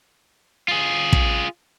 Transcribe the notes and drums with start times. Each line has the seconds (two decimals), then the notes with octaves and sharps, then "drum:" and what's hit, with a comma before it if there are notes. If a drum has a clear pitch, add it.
0.68 F4 G#4
1.13 drum: kick